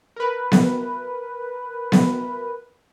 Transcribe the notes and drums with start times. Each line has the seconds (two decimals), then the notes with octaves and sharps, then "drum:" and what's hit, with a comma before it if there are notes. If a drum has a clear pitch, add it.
0.16 A#4 B4
0.52 drum: snare B3
1.92 drum: snare B3